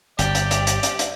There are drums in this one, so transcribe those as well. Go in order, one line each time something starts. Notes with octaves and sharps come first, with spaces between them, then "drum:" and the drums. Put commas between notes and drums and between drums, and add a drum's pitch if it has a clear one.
G1 G4 D5, drum: hi-hat
drum: hi-hat
drum: hi-hat
drum: hi-hat
drum: hi-hat
drum: hi-hat